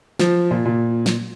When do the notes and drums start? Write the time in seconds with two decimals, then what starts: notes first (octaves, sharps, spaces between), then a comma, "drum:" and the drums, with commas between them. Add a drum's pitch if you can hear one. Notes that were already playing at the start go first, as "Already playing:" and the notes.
0.20 F3, drum: snare
0.51 A#2
0.65 A#2
1.06 drum: snare